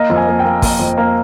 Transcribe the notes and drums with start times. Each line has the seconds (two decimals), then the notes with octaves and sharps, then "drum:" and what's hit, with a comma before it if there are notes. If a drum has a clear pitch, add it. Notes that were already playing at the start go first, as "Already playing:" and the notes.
Already playing: A#3 D#5
0.10 F2
0.16 G#5
0.27 A#3
0.39 G5
0.45 A#3
0.62 A#3, drum: kick, open hi-hat
0.79 F2
0.98 A#3